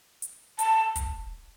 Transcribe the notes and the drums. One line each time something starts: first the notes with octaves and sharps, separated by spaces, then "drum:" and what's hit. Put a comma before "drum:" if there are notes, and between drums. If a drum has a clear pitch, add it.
drum: hi-hat
A5, drum: hi-hat
drum: kick, hi-hat